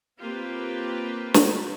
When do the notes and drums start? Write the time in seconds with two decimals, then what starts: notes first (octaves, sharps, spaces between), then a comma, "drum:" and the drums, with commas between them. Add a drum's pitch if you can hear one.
0.22 A#3 C4 F4 G4 B4
1.34 drum: snare